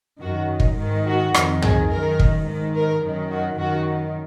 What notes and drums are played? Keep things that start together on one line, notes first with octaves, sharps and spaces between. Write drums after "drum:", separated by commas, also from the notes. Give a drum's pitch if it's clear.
F#2 D#3 F#4
drum: kick
G#2 D#3
F#4
F2 D#3, drum: rim click
G#4, drum: tom
F#2 D#3 A#4
drum: kick
G#2 D#3
A#4
F#2 D#3
F#4
F#2 D#3 F#4